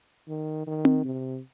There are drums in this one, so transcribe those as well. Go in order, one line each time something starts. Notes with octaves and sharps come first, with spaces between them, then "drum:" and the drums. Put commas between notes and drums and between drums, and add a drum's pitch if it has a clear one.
D#3
D#3
drum: tom C4
C3